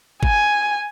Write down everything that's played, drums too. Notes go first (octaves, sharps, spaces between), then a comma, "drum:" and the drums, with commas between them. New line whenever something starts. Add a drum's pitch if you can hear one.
G#5, drum: kick G1